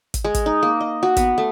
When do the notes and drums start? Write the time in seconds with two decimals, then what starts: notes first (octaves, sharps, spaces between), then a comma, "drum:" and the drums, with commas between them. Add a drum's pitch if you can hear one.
0.14 drum: kick, hi-hat
0.24 G#3
0.34 drum: kick, hi-hat
0.46 D#4
0.63 A#3
0.81 D#5
1.03 F#4
1.17 B3, drum: kick, hi-hat
1.38 A3